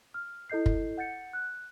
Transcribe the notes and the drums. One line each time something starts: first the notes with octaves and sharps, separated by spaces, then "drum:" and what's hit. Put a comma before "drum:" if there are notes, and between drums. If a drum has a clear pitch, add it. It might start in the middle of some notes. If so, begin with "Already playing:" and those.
F6
E4 A4 D#5 G6 C7
drum: kick
F#5 G6 A6 C#7
F#6